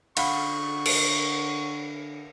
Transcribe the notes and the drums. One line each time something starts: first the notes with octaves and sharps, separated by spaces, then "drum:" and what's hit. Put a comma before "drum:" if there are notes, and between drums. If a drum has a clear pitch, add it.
D3 F5 F#5 B5 C#6, drum: cymbal
drum: cymbal